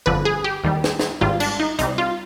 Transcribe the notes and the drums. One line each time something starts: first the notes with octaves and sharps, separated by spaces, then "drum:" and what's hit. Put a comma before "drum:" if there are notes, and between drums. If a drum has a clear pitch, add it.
G1 F2 D3 F3 B4
G#4
G4
D#2 D#3 G3
drum: snare
drum: snare
G#1 G#2 D#3 G3 F4
D4, drum: cymbal
D#4
C2 C3 G3 D#4, drum: hi-hat
F4